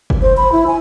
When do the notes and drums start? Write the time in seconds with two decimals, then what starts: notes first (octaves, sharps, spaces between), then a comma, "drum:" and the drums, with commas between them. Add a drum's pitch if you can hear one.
0.10 drum: kick
0.22 C5
0.37 B5
0.52 E4
0.67 G#5